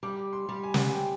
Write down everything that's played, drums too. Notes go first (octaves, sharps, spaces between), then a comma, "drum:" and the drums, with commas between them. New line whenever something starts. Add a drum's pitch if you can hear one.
G3 D6
C6
G3
G#5
drum: snare
G#5
G5